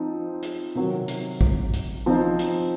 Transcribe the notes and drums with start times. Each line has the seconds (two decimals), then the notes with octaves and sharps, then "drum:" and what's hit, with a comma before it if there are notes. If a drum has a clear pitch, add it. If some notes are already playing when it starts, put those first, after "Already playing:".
Already playing: F3 C4 D#4
0.42 drum: hi-hat
0.75 C3 D#3 F#3
1.08 drum: hi-hat
1.41 drum: kick
1.73 drum: hi-hat
2.06 F3 C4 D#4
2.39 drum: hi-hat